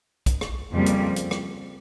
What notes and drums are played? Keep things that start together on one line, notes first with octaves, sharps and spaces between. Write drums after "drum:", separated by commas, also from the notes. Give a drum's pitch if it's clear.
drum: kick, hi-hat
drum: rim click
F2 C#3 G3 A#3
drum: hi-hat
drum: hi-hat
drum: rim click